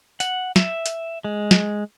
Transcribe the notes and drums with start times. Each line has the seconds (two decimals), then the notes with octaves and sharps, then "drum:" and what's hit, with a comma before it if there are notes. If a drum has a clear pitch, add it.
0.20 F#5, drum: hi-hat
0.56 E5, drum: snare
0.86 drum: hi-hat
1.24 G#3
1.51 drum: snare